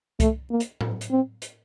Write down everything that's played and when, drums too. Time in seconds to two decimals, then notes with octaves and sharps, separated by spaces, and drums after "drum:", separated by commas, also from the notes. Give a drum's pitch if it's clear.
0.20 A3, drum: kick C2, hi-hat
0.51 A#3
0.60 drum: hi-hat
0.81 drum: tom A2
1.01 drum: hi-hat
1.11 C4
1.42 drum: hi-hat